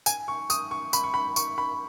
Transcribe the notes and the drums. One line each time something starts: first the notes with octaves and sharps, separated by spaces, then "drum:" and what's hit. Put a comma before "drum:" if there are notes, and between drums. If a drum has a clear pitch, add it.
G#5, drum: tambourine
C#6
D#6, drum: tambourine
C#6
B5, drum: tambourine
C#6
B5
C#6, drum: tambourine
B5